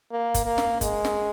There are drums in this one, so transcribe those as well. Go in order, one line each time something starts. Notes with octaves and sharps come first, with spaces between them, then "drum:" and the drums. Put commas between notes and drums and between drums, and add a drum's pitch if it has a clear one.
A#3
drum: kick, hi-hat
A#3
drum: snare
G#3, drum: kick, hi-hat
drum: snare